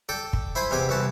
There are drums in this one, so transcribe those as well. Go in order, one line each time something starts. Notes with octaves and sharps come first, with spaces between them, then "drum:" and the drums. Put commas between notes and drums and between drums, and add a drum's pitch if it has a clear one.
A4 D5 G5
drum: kick
E4 C5 G#5 B5 C6
E2 C3 G4 G#5 D6
C2 E3 F#4 A5